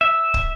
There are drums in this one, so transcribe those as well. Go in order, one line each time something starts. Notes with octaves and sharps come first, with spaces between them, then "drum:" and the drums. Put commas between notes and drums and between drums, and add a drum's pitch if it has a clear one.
E5
drum: kick